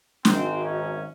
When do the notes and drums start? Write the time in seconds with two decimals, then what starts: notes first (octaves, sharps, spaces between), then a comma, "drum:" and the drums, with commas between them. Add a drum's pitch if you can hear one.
0.25 G#1 F#2 D#3 C4, drum: snare
0.64 C#4